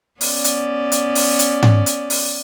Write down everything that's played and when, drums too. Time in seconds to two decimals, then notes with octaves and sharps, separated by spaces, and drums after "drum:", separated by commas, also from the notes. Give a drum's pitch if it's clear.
0.21 B3 C#4 D5, drum: open hi-hat
0.44 drum: hi-hat
0.92 drum: hi-hat
1.15 drum: open hi-hat
1.39 drum: hi-hat
1.63 drum: tom G#2
1.86 drum: hi-hat
2.10 drum: open hi-hat